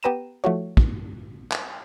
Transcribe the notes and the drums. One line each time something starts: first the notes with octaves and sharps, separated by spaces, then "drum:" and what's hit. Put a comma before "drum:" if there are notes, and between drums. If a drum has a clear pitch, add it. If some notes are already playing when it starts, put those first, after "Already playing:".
B3 G4 B4 A#5 D#7 E7
F3 A3 E4 F#4 C#5
drum: kick
drum: clap